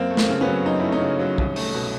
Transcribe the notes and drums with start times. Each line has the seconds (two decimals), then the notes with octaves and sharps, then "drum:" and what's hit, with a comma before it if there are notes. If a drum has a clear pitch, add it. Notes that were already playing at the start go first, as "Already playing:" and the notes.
Already playing: F#2 A#3 C4
0.10 A3
0.17 A#3 C4, drum: snare A3
0.29 C#3
0.41 B3 C#4
0.47 F#3
0.65 F#2 D#4
0.80 A3 E4
0.92 C#4 D#4
1.01 C#3
1.19 F#3
1.38 C2, drum: kick
1.56 A3, drum: open hi-hat
1.74 B2